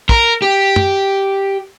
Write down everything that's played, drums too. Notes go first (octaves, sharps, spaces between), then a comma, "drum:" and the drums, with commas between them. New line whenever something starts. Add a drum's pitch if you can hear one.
A#4, drum: kick
G4
drum: tom